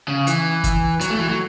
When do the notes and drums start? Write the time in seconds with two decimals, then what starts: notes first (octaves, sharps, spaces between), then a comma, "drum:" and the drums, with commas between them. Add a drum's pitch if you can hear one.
0.08 C#3
0.27 E3, drum: hi-hat
0.64 drum: kick, hi-hat
1.01 F#3, drum: hi-hat
1.10 A3
1.19 E3
1.29 F#3